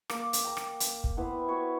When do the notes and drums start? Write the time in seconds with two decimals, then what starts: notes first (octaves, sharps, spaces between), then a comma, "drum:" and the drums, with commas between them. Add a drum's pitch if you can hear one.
0.10 A#3 D6, drum: rim click
0.33 drum: hi-hat
0.44 G5 A#5
0.57 drum: rim click
0.80 drum: hi-hat
1.04 drum: kick
1.17 B3 E4 C5 B5
1.47 F#4 B4 C#5 E5